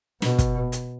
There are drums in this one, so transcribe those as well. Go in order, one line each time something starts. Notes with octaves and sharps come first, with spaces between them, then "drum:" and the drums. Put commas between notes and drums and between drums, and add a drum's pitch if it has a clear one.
B2, drum: snare
drum: kick, hi-hat
drum: hi-hat